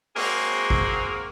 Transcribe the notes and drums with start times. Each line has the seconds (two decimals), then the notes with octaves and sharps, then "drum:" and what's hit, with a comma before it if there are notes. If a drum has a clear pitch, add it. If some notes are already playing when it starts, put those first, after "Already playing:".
0.16 G#3 A#3 C4 F#4 G#4 A#4, drum: open hi-hat
0.70 drum: kick G#1